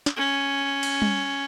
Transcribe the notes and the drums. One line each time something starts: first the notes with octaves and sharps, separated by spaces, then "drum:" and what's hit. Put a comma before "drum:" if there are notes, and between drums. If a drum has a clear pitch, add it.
drum: snare
C#4
drum: cymbal
drum: tom G3